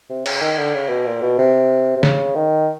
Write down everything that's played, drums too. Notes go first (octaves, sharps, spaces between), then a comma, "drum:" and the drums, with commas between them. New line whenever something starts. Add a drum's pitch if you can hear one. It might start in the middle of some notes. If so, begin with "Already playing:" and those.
C3
C#3, drum: cymbal
D#3
D3
C#3
B2
A#2
B2
C3
C3
C#3, drum: snare
D#3